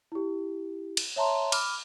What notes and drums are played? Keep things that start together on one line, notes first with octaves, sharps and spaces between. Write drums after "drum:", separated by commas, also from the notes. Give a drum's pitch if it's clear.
E4 G4
drum: cymbal
C#5 E5 A5 A#5 C6
B5 D6 F6, drum: cymbal